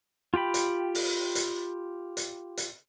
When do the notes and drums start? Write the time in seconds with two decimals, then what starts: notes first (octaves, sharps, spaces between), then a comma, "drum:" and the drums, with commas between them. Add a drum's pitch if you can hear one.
0.34 F4 G4 G5 B5
0.54 drum: hi-hat
0.95 drum: open hi-hat
1.35 drum: hi-hat
2.17 drum: hi-hat
2.57 drum: hi-hat